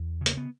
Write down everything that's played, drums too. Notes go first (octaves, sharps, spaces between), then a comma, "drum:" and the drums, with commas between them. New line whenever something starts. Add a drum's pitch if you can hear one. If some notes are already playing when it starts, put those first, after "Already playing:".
Already playing: E2
C#3
A#3, drum: hi-hat
B3